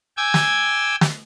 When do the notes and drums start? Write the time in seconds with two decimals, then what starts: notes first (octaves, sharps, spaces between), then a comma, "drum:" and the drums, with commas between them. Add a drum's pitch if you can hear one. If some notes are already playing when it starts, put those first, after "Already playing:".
0.17 G5 G#5 D6 E6 G#6
0.34 drum: snare
1.01 drum: snare